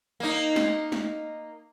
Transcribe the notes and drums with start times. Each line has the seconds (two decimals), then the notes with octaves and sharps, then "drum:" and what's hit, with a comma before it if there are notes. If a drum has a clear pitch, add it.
0.20 A#3 D#4
0.56 drum: snare
0.92 drum: snare